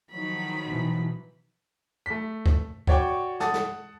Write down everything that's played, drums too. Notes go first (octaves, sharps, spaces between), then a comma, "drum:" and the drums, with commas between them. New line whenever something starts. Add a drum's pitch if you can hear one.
D#3 F3 F#3 D#4 B5
B2 E3
A3 B6
drum: kick
F#4 C#5 D5 G5 C#6, drum: kick
F#5 A5 D#6 A6, drum: snare
drum: snare